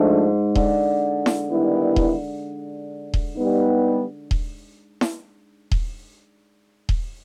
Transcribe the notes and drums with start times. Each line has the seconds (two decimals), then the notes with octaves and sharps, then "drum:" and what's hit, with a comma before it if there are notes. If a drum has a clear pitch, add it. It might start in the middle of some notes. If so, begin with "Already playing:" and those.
Already playing: G#2 F3 A3 D4
0.55 D3, drum: kick D#1
1.26 drum: snare E4
1.50 D#3 G3 B3 E4
1.96 drum: kick D#1
3.14 drum: kick D#1
3.36 G3 B3 D#4
4.31 drum: kick D#1
5.01 drum: snare E4
5.71 drum: kick D#1
6.89 drum: kick D#1